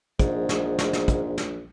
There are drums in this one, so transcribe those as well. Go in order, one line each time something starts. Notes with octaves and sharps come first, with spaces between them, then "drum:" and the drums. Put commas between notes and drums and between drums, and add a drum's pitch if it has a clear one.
A#1 G#2, drum: kick, hi-hat
drum: snare
drum: snare
drum: snare
drum: kick, hi-hat
drum: snare